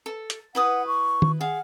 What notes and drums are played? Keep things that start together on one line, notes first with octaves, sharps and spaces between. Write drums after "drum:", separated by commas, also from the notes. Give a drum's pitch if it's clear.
A4
drum: hi-hat
E4 B4 F#5 D#6
C#6
drum: tom D#3
G#4 F5 F#5